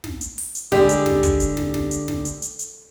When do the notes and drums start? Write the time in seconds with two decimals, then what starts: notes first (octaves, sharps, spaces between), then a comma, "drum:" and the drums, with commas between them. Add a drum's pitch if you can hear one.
0.04 drum: snare
0.21 drum: hi-hat
0.38 drum: open hi-hat
0.55 drum: hi-hat
0.72 D3 G3 G#3 G4, drum: snare
0.89 drum: hi-hat
1.06 drum: snare
1.23 drum: kick, hi-hat
1.40 drum: hi-hat
1.57 drum: snare
1.74 drum: snare
1.91 drum: hi-hat
2.08 drum: snare
2.25 drum: hi-hat
2.42 drum: hi-hat
2.59 drum: hi-hat